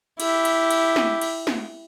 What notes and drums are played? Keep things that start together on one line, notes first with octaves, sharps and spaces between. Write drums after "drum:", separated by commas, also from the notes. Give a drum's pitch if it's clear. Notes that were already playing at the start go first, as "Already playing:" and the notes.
E4 G4, drum: cymbal
drum: cymbal
drum: cymbal
drum: snare
drum: cymbal
drum: snare